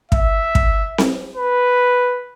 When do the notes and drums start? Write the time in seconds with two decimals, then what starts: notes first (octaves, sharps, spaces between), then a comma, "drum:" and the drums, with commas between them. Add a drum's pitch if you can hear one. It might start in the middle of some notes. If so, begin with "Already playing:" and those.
0.12 E5, drum: kick
0.55 drum: kick
0.98 drum: snare C4
1.36 B4